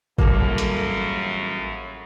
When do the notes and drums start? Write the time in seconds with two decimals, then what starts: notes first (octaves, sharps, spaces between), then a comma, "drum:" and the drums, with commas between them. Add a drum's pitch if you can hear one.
0.18 A1 F#2 C#3 F#3 G3 A#3 A4, drum: kick
0.58 drum: hi-hat